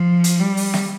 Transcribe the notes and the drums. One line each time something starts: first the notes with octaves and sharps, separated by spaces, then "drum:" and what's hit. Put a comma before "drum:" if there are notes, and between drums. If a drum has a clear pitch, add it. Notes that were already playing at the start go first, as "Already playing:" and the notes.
Already playing: F3
drum: hi-hat
G3
drum: open hi-hat
drum: snare